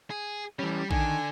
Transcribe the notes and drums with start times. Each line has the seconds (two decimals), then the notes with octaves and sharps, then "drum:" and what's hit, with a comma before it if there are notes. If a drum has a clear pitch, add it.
0.10 G#4
0.59 E3 G3 C#4
0.91 D3 D#3 D4 G#5, drum: kick A#1